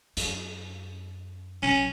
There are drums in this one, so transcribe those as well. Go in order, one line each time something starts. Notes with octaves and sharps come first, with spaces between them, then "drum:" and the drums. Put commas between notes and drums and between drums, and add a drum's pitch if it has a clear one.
F#2, drum: hi-hat
B1 C#4